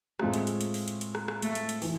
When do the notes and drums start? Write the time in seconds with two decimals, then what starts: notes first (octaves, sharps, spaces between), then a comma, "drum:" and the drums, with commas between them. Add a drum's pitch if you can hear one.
0.19 A2 G#3 A3 C4 F4 G#4, drum: rim click
0.34 drum: hi-hat
0.47 drum: hi-hat
0.61 drum: hi-hat
0.74 drum: open hi-hat
0.88 drum: hi-hat
1.01 drum: hi-hat
1.15 drum: rim click
1.28 drum: rim click
1.42 A3, drum: hi-hat
1.55 drum: hi-hat
1.69 drum: hi-hat
1.82 E3, drum: open hi-hat